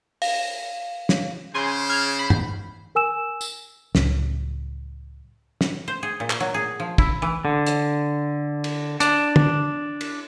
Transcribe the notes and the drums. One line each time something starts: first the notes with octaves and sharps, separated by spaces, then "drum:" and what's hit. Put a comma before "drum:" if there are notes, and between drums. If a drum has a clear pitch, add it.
F5, drum: open hi-hat
drum: snare
C#3 C5 G#5 C6
F6 G#6
B5
drum: tom
A#4 G#5 E6 E7
drum: tambourine
C#2 A2 F#3, drum: snare
drum: snare
C5
G#4
A#2
drum: clap
F#3
G#4
F3
E4, drum: kick
E3
D3
drum: hi-hat
drum: cymbal
D4, drum: hi-hat
drum: tom
drum: cymbal